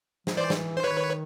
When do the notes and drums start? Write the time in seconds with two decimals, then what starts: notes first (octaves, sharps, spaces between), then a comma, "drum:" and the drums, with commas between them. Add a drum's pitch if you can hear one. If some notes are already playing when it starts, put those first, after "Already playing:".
0.27 F3, drum: snare
0.37 E3 C5 D5
0.50 drum: snare
0.77 C5
0.84 D#3 B4 C#5